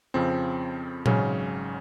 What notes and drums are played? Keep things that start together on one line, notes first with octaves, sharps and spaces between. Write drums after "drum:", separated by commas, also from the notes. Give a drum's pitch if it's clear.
F2 C#3 F3 C4
G#1 G#2 C#3 F#3 C#4, drum: tom A#2